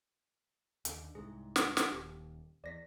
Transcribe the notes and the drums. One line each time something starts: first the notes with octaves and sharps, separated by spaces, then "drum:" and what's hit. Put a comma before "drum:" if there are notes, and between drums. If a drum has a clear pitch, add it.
D#2 D3, drum: hi-hat
C2 G#2 G#4
drum: snare
drum: snare
D#1 D#2 G4
E2 D5 A#6 B6